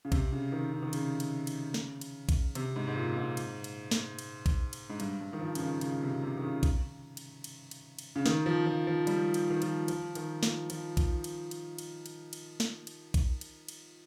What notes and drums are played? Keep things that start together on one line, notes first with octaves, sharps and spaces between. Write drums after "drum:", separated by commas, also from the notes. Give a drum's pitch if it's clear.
C#3
C3, drum: kick, cymbal
C#3
D#3
C#3
D#3
C#3, drum: cymbal
drum: cymbal
drum: cymbal
drum: snare
drum: cymbal
drum: kick, cymbal
C3, drum: cymbal
G#2
G#2
A#2
G#2
drum: cymbal
drum: cymbal
drum: snare
drum: cymbal
drum: kick, cymbal
drum: cymbal
G#2
G2, drum: cymbal
G2
D#3
F3
C#3, drum: cymbal
D#3
C#3, drum: cymbal
C3
C3
D#3
C#3
drum: kick, cymbal
drum: cymbal
drum: cymbal
drum: cymbal
drum: cymbal
C#3
D#3, drum: snare
F3
F3
F3
G3, drum: cymbal
drum: cymbal
D#3
F3, drum: cymbal
F3, drum: cymbal
D#3, drum: cymbal
F3, drum: snare
F3, drum: cymbal
drum: kick, cymbal
drum: cymbal
drum: cymbal
drum: cymbal
drum: cymbal
drum: cymbal
drum: snare
drum: cymbal
drum: kick, cymbal
drum: cymbal
drum: cymbal